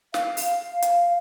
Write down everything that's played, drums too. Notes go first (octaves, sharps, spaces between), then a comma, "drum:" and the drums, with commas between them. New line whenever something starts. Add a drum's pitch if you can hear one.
F5, drum: snare
drum: open hi-hat
drum: hi-hat